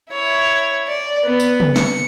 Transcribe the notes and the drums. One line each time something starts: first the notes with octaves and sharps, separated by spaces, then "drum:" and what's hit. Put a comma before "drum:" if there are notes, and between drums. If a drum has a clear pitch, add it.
E4 C#5
D5
B3
drum: tambourine
drum: tom
C#7, drum: snare